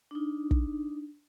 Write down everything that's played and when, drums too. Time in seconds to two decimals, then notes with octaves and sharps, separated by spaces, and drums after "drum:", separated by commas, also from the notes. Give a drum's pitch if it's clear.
0.11 D4 D#4
0.51 drum: kick